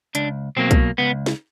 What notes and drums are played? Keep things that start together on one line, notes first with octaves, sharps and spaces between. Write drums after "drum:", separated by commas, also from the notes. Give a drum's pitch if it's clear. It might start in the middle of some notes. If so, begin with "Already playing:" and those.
C#2 D4, drum: hi-hat
B2 F#3 A#3 C4
drum: kick B1, hi-hat
C#2 B3
drum: snare